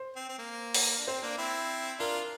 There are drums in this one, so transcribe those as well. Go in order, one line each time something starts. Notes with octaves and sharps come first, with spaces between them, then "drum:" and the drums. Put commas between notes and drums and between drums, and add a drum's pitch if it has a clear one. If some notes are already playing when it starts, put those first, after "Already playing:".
Already playing: C5
C4
C4
A#3
drum: open hi-hat
D4
C4 C5
A#3 D4
C4 E4
D4 F4 A#4